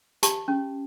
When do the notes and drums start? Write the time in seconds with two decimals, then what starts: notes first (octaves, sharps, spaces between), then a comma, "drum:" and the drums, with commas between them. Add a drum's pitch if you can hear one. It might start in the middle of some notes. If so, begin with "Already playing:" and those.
0.23 G4 A5 B5, drum: hi-hat
0.48 C#4